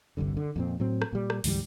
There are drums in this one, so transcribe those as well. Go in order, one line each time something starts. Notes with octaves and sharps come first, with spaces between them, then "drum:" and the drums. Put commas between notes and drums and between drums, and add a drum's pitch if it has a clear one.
G1 C2 G2 D3
D3
F2 A#2 C4
A2 F#3 C4
drum: rim click
A#2 G3
drum: rim click
D2 G#2 E3 G3, drum: open hi-hat